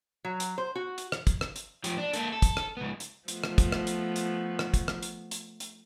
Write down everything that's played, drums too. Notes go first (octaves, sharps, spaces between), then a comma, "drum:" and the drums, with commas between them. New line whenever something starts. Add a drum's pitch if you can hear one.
F#3
drum: hi-hat
C5
F#4
drum: hi-hat
drum: rim click
drum: kick, hi-hat
drum: rim click
drum: hi-hat
F3 G4, drum: hi-hat
D4
A#3 A4, drum: hi-hat
A4
drum: kick, hi-hat
drum: rim click
C#2 B3
drum: hi-hat
F3 A3 B3, drum: hi-hat
drum: rim click
drum: kick, hi-hat
drum: rim click
drum: hi-hat
drum: hi-hat
drum: rim click
drum: kick, hi-hat
drum: rim click
drum: hi-hat
drum: hi-hat
drum: hi-hat